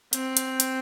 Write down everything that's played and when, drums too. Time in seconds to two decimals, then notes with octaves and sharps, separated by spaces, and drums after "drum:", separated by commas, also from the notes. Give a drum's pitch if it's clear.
0.13 C4, drum: hi-hat
0.37 drum: hi-hat
0.60 drum: hi-hat